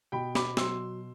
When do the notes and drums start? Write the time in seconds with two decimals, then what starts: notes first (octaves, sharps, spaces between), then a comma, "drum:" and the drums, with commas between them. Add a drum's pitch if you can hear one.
0.12 B2 G5 B5
0.35 B5 D6, drum: snare
0.57 F#3 C6 E6, drum: snare